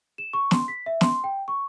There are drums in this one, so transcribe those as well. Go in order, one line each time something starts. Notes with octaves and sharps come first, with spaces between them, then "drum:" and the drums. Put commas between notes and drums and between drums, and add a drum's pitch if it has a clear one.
E7
C#6
C6, drum: snare
B6
E5
C6, drum: snare
G5
C#6